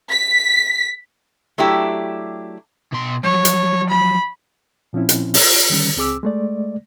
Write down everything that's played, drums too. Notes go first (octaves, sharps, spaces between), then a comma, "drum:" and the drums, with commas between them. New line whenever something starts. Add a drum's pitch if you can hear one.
B6
F#3 A3 D4 E4 G4
B2 C6
F3 F#3 C#5
drum: hi-hat
B5
A#2 F3 C4 C#4 E4
drum: hi-hat
drum: open hi-hat
F4
D3 D#3 G3 C#4
C#2 C4 G#4 D6 E6
G#3 A3 D5